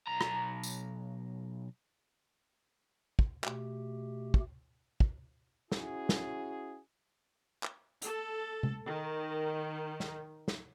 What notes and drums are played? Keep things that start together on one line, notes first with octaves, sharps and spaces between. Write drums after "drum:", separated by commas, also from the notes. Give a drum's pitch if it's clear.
B1 A#5
drum: rim click
drum: tambourine
drum: kick
B2 A3 G4, drum: clap
drum: kick
drum: kick
C#4 E4 F#4 G#4, drum: snare
drum: snare
drum: clap
A4, drum: hi-hat
drum: tom C3
D#3
drum: snare
drum: snare